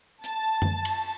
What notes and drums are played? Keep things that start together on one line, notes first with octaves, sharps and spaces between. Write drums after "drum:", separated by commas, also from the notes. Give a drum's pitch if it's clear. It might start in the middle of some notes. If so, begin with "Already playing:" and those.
A5, drum: hi-hat
drum: tom F#2
drum: cymbal